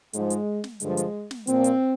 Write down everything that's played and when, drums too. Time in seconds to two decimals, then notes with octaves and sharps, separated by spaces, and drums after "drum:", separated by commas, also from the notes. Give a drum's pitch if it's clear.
0.13 G#2 F3 G#3, drum: hi-hat
0.30 drum: hi-hat
0.64 drum: snare
0.80 G2 D3 F3 G#3, drum: hi-hat
0.97 drum: hi-hat
1.31 drum: snare
1.47 A#2 F3 C4, drum: hi-hat
1.64 drum: hi-hat